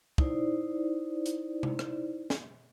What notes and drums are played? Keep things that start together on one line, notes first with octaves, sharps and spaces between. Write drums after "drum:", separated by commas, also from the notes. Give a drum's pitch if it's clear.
D#4 E4 C5 D5, drum: kick
drum: hi-hat
drum: tom C3
drum: rim click
drum: snare